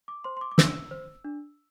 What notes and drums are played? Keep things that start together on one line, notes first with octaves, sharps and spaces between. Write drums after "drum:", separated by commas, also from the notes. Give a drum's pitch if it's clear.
D6
C5 C6
C6
D6
D6
D4 E6, drum: snare
C5
D4